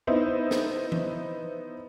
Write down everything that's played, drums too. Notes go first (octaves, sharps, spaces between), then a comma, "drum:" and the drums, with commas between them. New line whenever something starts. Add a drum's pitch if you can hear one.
B3 D#4 E4 C5
drum: snare
drum: tom E3